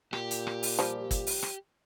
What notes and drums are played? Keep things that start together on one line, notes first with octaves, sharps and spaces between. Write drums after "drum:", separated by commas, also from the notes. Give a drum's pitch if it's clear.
A#2 G4, drum: rim click
drum: hi-hat
drum: rim click
drum: open hi-hat
F3 G3, drum: rim click
drum: kick, hi-hat
drum: open hi-hat
drum: rim click